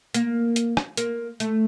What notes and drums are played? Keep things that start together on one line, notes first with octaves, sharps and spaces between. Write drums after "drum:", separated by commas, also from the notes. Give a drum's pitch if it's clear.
A#3, drum: hi-hat
drum: hi-hat
drum: rim click
A#3, drum: hi-hat
A3, drum: hi-hat